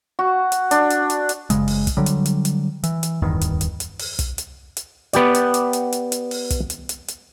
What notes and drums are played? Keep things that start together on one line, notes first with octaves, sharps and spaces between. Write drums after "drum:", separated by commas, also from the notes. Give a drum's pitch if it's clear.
F#4
drum: hi-hat
D4, drum: hi-hat
drum: hi-hat
drum: hi-hat
drum: hi-hat
F#1 C#3 G#3, drum: hi-hat
drum: open hi-hat
drum: kick, hi-hat
D3 F#3 G3
drum: hi-hat
drum: hi-hat
drum: hi-hat
E3, drum: hi-hat
drum: hi-hat
D1 E2 G2 D#3
drum: hi-hat
drum: hi-hat
drum: hi-hat
drum: open hi-hat
drum: kick, hi-hat
drum: hi-hat
drum: hi-hat
B3 G4 D5, drum: hi-hat
drum: hi-hat
drum: hi-hat
drum: hi-hat
drum: hi-hat
drum: hi-hat
drum: open hi-hat
drum: kick, hi-hat
drum: hi-hat
drum: hi-hat
drum: hi-hat